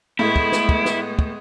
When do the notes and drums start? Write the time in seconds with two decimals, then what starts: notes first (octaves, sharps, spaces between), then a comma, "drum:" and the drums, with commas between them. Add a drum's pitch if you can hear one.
0.19 A2 G#3 B3 E4
0.36 drum: kick
0.52 drum: snare
0.69 drum: kick
0.85 drum: snare
1.19 drum: kick